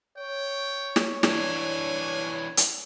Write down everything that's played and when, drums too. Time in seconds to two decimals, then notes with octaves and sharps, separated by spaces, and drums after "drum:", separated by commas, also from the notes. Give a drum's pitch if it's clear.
0.18 C#5 G5
0.96 drum: snare
1.23 E3 D4 G#5, drum: snare
2.57 drum: hi-hat